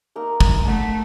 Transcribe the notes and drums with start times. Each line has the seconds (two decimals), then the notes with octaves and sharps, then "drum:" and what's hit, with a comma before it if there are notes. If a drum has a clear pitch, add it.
0.16 A#3 D#4 E5
0.40 drum: kick
0.65 A3 F#5 A5